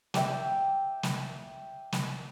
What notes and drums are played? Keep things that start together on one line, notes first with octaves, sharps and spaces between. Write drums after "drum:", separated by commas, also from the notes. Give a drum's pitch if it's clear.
E5 G5 D6, drum: snare
drum: snare
drum: snare